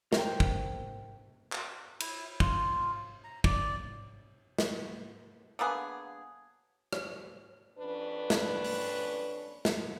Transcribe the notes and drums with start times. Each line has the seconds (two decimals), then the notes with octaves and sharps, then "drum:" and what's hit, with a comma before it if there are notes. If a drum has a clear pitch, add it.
0.13 A#4 C5 G5, drum: snare
0.40 drum: kick
1.52 drum: clap
2.00 E4, drum: cymbal
2.40 F4, drum: kick
3.24 A#5
3.44 D5, drum: kick
4.58 drum: snare
5.59 D3 A#3 B3 G#4
6.93 drum: rim click
7.79 F2 C#4 D4 B4
8.30 drum: snare
8.64 drum: open hi-hat
9.65 drum: snare